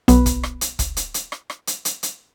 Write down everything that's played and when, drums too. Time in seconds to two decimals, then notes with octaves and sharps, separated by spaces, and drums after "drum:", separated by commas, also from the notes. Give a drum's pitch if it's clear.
0.08 B1 B3, drum: hi-hat
0.26 drum: kick, hi-hat
0.43 drum: rim click
0.61 drum: hi-hat
0.79 drum: kick, hi-hat
0.97 drum: hi-hat
1.14 drum: hi-hat
1.32 drum: rim click
1.50 drum: rim click
1.67 drum: hi-hat
1.85 drum: hi-hat
2.03 drum: hi-hat